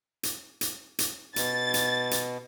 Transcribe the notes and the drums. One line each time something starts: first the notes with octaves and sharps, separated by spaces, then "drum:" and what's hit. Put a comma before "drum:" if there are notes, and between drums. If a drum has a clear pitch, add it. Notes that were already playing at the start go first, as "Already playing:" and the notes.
drum: hi-hat
drum: hi-hat
drum: hi-hat
B2 A6, drum: hi-hat
drum: hi-hat
drum: hi-hat